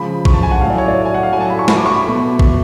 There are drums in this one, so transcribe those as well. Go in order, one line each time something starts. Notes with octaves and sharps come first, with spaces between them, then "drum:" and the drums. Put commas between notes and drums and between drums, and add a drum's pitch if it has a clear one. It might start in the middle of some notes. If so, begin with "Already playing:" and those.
Already playing: C#3 F3 G#3 B5
C#6, drum: kick A1
A5
G#5
F#5
A2 F#3 A3 F5
D5
C#5
D5
G#5
F#5
F5
A2 F#3 A3 G#5
A5
B5
C#6
B5, drum: snare
D6
C#6
B5
B2 A3
drum: kick A1